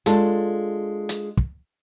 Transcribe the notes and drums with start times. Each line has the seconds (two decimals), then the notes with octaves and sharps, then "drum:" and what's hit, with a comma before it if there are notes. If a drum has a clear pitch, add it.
0.06 G#3 D4 F4 A4, drum: hi-hat
1.09 drum: hi-hat
1.38 drum: kick